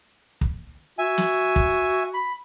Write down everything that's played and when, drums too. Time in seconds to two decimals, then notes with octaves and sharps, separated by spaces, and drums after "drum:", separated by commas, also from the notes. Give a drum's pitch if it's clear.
0.41 drum: kick
0.99 F#4 E5 G#5
1.18 drum: snare
1.56 drum: kick
2.14 B5